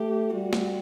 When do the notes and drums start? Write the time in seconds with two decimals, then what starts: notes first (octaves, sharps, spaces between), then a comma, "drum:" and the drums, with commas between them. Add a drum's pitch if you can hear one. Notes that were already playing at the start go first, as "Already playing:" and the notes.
Already playing: A3 G4
0.33 G3 F#4
0.53 drum: snare